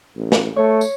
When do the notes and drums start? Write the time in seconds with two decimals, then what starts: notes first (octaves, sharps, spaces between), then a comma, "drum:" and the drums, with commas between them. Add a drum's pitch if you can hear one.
0.17 A1
0.32 drum: snare
0.56 A3 C#5
0.81 drum: tambourine